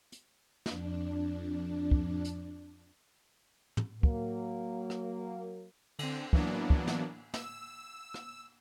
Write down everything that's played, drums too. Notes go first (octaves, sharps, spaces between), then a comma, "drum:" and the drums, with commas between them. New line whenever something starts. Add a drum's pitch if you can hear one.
drum: hi-hat
F2 D4, drum: snare
drum: kick
drum: hi-hat
drum: tom
F#3 A#3, drum: kick
drum: rim click
D3 C4, drum: cymbal
E3 F#3 A#3 B3 D4, drum: kick
drum: kick
drum: snare
E6, drum: snare
drum: rim click